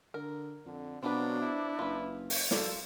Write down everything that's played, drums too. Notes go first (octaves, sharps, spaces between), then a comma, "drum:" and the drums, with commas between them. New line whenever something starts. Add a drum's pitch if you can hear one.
D3 A#4
F2 D3
B2 F#3 C4 D4 F4 B4
E4
F#1 F4 B4
drum: open hi-hat
F#3 F4 A4 A#4 D5, drum: snare